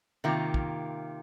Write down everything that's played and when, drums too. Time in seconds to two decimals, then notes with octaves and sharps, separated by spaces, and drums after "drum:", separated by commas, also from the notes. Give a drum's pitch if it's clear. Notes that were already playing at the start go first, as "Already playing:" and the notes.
0.24 C3 D#3 A#3 F4
0.54 drum: kick